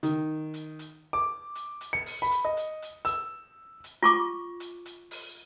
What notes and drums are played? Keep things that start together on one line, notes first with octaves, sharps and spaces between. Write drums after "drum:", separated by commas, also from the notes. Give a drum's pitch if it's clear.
D#3, drum: hi-hat
drum: hi-hat
drum: hi-hat
D6
drum: hi-hat
drum: hi-hat
C#7
drum: open hi-hat
B5
drum: hi-hat
D#5
drum: hi-hat
drum: hi-hat
E6, drum: hi-hat
drum: hi-hat
F4 C#6 D6
drum: hi-hat
drum: hi-hat
drum: open hi-hat